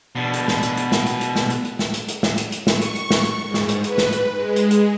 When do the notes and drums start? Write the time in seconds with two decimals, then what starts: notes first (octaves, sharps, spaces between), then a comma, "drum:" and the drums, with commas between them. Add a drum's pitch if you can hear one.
0.15 B2 D4
0.34 drum: hi-hat
0.48 drum: snare
0.63 drum: hi-hat
0.77 drum: hi-hat
0.92 drum: snare
1.06 drum: hi-hat
1.21 drum: hi-hat
1.36 drum: snare
1.50 drum: hi-hat
1.65 drum: hi-hat
1.79 drum: snare
1.94 drum: hi-hat
2.08 drum: hi-hat
2.23 drum: snare
2.38 drum: hi-hat
2.52 drum: hi-hat
2.67 C#6, drum: snare
2.81 drum: hi-hat
2.96 drum: hi-hat
3.10 drum: snare
3.25 drum: hi-hat
3.43 G#2
3.54 drum: snare
3.69 drum: hi-hat
3.84 B4, drum: hi-hat
3.98 drum: snare
4.12 drum: hi-hat
4.33 G#3
4.56 drum: hi-hat
4.71 drum: hi-hat